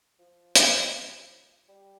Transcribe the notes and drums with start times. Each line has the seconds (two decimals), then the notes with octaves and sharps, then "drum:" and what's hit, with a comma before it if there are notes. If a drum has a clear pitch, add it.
0.19 F3
0.55 drum: hi-hat
1.69 G3